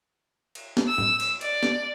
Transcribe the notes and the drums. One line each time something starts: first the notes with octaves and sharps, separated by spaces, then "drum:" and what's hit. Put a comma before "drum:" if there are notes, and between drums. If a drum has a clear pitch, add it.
drum: cymbal
drum: snare
E6
drum: tom
drum: cymbal
D5, drum: cymbal
drum: snare